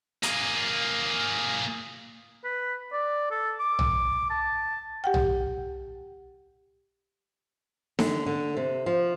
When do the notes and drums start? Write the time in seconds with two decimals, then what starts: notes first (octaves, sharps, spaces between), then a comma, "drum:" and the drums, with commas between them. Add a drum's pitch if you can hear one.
0.23 A#3 G#4, drum: hi-hat
2.44 B4
2.93 D5
3.31 A4
3.60 D6
3.79 drum: tom
4.30 A5
5.04 G4 F#5 G5
5.14 drum: tom
7.99 D3, drum: snare D#4
8.26 D3
8.57 C3
8.86 F3